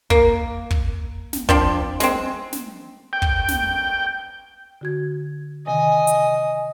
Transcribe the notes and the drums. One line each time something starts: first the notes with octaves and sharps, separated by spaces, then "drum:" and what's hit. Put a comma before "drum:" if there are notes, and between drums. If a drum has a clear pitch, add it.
A#3, drum: kick
drum: kick
drum: snare
F3 C4 D4, drum: kick
G#3 C4, drum: snare
drum: snare
G5
drum: kick
drum: snare
D3 F#4 G#6
C3 D#3 D#5 G#5
drum: hi-hat